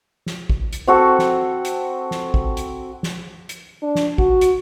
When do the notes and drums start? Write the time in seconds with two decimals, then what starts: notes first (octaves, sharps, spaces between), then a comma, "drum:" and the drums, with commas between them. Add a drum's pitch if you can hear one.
0.26 drum: snare
0.50 drum: kick
0.73 drum: hi-hat
0.87 C4 F#4 A4
1.19 drum: snare
1.65 drum: hi-hat
2.11 drum: snare
2.34 drum: kick
2.57 drum: hi-hat
3.03 drum: snare
3.49 drum: hi-hat
3.82 D4
3.95 drum: snare
4.18 F#4, drum: kick
4.41 drum: hi-hat